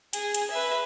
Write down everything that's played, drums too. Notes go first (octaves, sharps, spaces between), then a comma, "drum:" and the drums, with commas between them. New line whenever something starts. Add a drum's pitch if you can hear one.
G#4, drum: hi-hat
drum: hi-hat
B4 E5